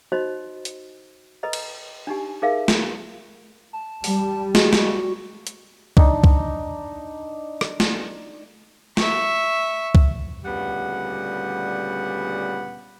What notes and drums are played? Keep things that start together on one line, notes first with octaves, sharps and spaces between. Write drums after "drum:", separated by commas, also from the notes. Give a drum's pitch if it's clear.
D#4 F#4 C5 D#5 B5
drum: hi-hat
A4 B4 D#5 A#5
drum: cymbal
D4 D#4 G4 G#5
D#4 G#4 A#4 E5 F5
drum: snare
A5
G3, drum: open hi-hat
G#3 F#4, drum: snare
drum: snare
drum: hi-hat
D4 D#4, drum: kick C2
drum: kick C2
drum: rim click
drum: snare
E5 C#6, drum: snare
drum: kick C2
D2 A#2 C#3 G3 B3 F#5